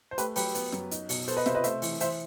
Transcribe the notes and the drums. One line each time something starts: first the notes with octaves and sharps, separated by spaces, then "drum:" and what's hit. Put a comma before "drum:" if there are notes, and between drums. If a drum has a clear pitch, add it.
C5
A3 G4 B4, drum: hi-hat
F#3 G4 B4, drum: open hi-hat
B3, drum: hi-hat
F#2, drum: snare
D#4, drum: hi-hat
B2, drum: open hi-hat
B3 A4 C5, drum: hi-hat
B4 D#5
C3 C5 E5, drum: snare
B4 D#5
A3 C5 E5, drum: hi-hat
E3, drum: open hi-hat
E3 C5 E5, drum: hi-hat